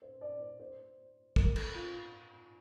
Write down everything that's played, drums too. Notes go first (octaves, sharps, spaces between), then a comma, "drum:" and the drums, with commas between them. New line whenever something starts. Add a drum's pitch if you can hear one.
C5
D5
C5
C5
A#4, drum: kick
A4, drum: cymbal
F4